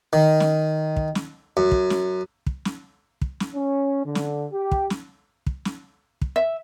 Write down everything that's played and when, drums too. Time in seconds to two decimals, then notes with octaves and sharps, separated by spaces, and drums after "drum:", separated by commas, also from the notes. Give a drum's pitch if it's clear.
0.13 D#3
0.40 drum: snare
0.97 drum: kick
1.15 drum: snare
1.57 F#2
1.72 drum: kick
1.90 drum: snare
2.47 drum: kick
2.65 drum: snare
3.22 drum: kick
3.40 drum: snare
3.55 C#4
4.05 D3
4.15 drum: snare
4.53 G4
4.72 drum: kick
4.90 drum: snare
5.47 drum: kick
5.65 drum: snare
6.22 drum: kick
6.36 E5